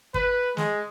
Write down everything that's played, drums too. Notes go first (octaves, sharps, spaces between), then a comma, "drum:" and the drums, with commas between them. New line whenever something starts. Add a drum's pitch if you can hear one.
B4, drum: kick
G#3, drum: snare